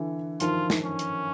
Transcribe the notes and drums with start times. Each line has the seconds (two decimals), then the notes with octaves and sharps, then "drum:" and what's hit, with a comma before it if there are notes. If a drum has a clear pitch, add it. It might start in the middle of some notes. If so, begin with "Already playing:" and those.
Already playing: D3 E3
0.40 D#3 F3 F4, drum: hi-hat
0.70 drum: snare
0.84 C#4
0.99 drum: hi-hat